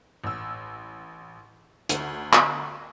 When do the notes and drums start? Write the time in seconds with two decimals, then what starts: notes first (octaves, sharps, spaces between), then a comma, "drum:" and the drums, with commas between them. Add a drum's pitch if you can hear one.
0.24 A1 E6
1.89 D2, drum: hi-hat
2.33 drum: clap